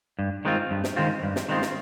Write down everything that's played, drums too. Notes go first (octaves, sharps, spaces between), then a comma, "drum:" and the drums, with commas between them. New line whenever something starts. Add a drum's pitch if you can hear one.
G2
D#3 G#3 C4 F4
G2
drum: snare
D#3 G#3 C4 F4
G2
drum: snare
D#3 G#3 C4 F4
drum: snare